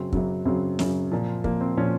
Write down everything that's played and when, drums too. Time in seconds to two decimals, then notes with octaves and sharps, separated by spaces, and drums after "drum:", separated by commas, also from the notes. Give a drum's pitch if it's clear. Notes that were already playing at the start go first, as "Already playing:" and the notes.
Already playing: F#2 C#3 F#3 C4
0.13 F#2 C#3 F#3, drum: kick
0.45 F#2 C#3 F#3 C4
0.79 F#2 C#3 F#3, drum: snare
1.11 A#2 F3
1.44 A#2 F3 A#3, drum: kick
1.61 C4
1.77 A#2 F3 C#4